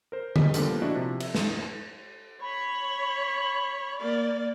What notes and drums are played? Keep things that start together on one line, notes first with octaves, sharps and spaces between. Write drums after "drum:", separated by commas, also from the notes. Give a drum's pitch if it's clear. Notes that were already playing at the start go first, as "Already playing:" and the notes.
A#4 C5
G3 G#4 D#5 B6, drum: tom
A#2 D3 F3 G3 A#3 B3, drum: hi-hat
D4 E4 F#4 D#5
C3 F3
E5, drum: cymbal
drum: snare
C#5 B5
A#3 D5